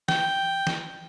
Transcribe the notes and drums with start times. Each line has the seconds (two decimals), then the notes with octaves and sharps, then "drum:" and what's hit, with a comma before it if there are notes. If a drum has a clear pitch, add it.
0.09 G5, drum: snare
0.67 drum: snare